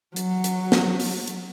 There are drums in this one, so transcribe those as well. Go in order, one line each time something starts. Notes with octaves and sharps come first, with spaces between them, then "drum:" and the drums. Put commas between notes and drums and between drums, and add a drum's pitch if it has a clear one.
F#3, drum: hi-hat
drum: hi-hat
drum: snare
drum: open hi-hat
drum: hi-hat